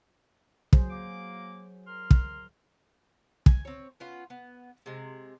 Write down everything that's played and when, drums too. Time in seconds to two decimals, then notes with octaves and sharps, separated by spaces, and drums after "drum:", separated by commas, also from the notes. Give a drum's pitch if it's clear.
0.73 F#3 G#4 C5, drum: kick
0.90 A#3 D6
1.87 A#4 C6 F6
2.11 drum: kick
3.46 G#5, drum: kick
3.65 C4 C#5
4.00 B3 C#4 F4
4.30 B3
4.86 C3 G#3